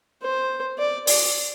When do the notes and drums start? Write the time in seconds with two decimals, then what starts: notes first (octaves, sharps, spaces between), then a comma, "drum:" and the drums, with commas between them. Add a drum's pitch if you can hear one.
0.22 C5
0.78 D5
1.07 D5, drum: open hi-hat